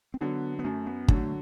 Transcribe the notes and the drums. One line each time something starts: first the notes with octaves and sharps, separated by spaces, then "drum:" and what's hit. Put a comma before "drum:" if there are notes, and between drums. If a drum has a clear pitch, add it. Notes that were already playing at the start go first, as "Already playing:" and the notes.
C4
D3 F#3 B3
B3
F#2 A3
B3
D3 F#3 A3, drum: kick